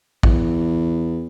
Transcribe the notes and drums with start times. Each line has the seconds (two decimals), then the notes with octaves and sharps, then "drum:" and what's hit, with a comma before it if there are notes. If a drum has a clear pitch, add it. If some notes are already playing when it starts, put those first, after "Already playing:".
0.23 E2, drum: kick